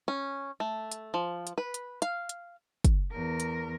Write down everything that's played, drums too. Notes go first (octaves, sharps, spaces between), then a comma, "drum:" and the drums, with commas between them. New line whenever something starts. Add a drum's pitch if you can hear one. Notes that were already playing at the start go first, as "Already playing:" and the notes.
C#4
A3
drum: hi-hat
F3
drum: hi-hat
B4
drum: hi-hat
F5, drum: hi-hat
drum: hi-hat
drum: kick, hi-hat
E2 A#4
drum: hi-hat